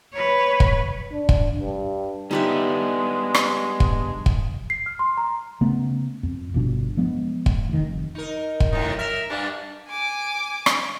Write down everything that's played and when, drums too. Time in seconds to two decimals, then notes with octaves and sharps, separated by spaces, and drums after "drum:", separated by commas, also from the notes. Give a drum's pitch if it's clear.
0.13 B4 C#5
0.60 drum: kick
1.12 D4
1.29 drum: kick
1.59 G2
2.31 G3 G#3 B3 D4 D#4 G4 E5
3.34 drum: rim click
3.80 drum: kick
4.26 drum: kick
4.70 C7
4.86 F6
4.99 C6
5.17 A#5
5.61 C#3 A3 B3 C#4
6.23 F2
6.54 G1 F2 B2 D4
6.97 F3 G#3 B3
7.46 drum: kick
7.69 F1 D#3
7.83 F1
8.15 D#4 A#4
8.60 drum: kick
8.73 F#2 A2 D#4
8.99 A#4 E5
9.30 G2 G3 D4
9.89 G#5 D6
10.66 drum: rim click